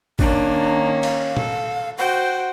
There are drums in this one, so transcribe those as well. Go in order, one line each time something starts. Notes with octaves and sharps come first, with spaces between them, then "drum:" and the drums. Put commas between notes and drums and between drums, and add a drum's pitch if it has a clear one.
D#3 A#3 C#4 D4, drum: kick
F5, drum: cymbal
A4, drum: tom A#2
F#4 C5 F#5 G5